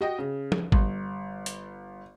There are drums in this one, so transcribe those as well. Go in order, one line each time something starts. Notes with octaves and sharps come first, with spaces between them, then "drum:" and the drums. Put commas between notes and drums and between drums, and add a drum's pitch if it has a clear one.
F#4 D#5 G5
C#3
drum: tom F3
G1, drum: kick G#1
drum: hi-hat